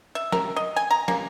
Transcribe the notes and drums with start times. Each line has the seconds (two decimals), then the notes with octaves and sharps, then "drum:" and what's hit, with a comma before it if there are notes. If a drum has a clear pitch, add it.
0.15 E5
0.32 A#4, drum: snare
0.56 D#5
0.76 G#5
0.91 A#5
1.08 A#3, drum: snare